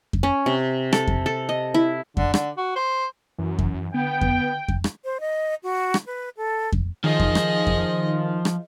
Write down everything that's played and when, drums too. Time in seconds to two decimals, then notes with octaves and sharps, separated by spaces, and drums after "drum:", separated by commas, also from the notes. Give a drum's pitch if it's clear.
0.13 drum: kick F2
0.23 C#4
0.46 C3
0.93 A4, drum: rim click
1.07 drum: kick F2
1.26 A4
1.49 D#5
1.74 E4
2.17 D3, drum: kick F2
2.34 D3, drum: rim click
2.57 F#4
2.76 C5
3.39 F#2 E3
3.59 drum: kick F2
3.94 D3 B3 G5
4.21 drum: kick F2
4.68 drum: kick F2
4.84 drum: rim click
5.04 C5
5.20 D#5
5.63 F#4
5.94 drum: rim click
6.06 B4
6.37 A4
6.72 drum: kick F2
7.04 D#3 F3 F4 G#4 D#5
7.20 drum: kick F2
7.35 drum: rim click
7.67 drum: kick F2
8.45 drum: rim click